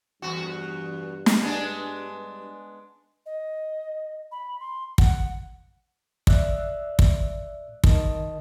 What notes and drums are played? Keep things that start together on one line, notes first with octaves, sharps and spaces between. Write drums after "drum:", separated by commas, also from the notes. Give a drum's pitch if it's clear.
E2 G2 F#4
drum: snare
G#3 B3 D4
D#5
B5
C6
F#5, drum: kick
D5 E5 E6 F#6, drum: kick
drum: kick
D#3 D#5 A5, drum: kick